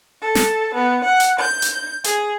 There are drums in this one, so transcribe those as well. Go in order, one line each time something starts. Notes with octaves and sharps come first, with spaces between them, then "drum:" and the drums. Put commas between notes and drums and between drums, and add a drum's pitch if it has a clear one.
A4
drum: snare
B3
F#5
drum: hi-hat
G6
drum: hi-hat
G#4, drum: hi-hat